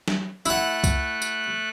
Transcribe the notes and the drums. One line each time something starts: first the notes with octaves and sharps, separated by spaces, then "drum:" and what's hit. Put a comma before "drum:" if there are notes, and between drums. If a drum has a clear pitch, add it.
drum: snare
A3 E4 F#5 F#6, drum: tambourine
drum: kick C2, tambourine
drum: tambourine